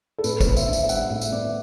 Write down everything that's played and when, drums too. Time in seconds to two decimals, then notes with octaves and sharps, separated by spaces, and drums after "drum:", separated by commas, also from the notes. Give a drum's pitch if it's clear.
0.18 A4
0.24 A2 B4, drum: tambourine
0.41 C5, drum: kick, tambourine
0.46 B3
0.57 E5, drum: tambourine
0.68 D4
0.73 E5, drum: tambourine
0.83 E5
0.89 G3 F#5, drum: tambourine
1.10 A2 E5
1.21 drum: tambourine
1.32 B3 D5